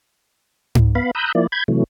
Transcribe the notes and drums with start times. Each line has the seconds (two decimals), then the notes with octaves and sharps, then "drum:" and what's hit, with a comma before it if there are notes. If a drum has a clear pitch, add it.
0.75 drum: tom G#2
0.95 B3 F5 B5
1.15 A#5 B5 D#6 E6 F#6 G6
1.35 F3 A#3 E4 D5
1.52 B5 G6 G#6
1.68 C3 E3 F#3 A3